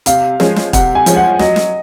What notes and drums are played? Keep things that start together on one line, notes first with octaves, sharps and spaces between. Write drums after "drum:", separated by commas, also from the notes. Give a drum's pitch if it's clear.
C3 F5, drum: hi-hat
F3 G#3 C#4, drum: snare
drum: snare
C3 F#5, drum: kick, hi-hat
G#5
F3 G#3 C#4, drum: hi-hat
F#5
F#3 D#5, drum: snare
drum: snare